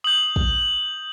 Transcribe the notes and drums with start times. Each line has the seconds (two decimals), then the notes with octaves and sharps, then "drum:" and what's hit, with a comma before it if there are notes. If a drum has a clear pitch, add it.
0.04 D#6 G6 F#7
0.36 drum: kick